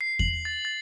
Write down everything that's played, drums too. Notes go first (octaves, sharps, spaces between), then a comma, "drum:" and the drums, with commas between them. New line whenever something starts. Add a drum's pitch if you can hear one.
C7
F#7, drum: kick E2
A6
A6